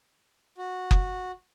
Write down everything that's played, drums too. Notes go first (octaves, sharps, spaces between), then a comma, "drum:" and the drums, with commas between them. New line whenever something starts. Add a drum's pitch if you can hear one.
F#4
drum: kick F#1